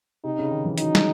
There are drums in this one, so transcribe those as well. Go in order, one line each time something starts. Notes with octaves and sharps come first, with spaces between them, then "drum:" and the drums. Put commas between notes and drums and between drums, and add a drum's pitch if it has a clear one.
C3 D#4
C#3
D#3
E3
F#3 D#4, drum: hi-hat
G#3, drum: snare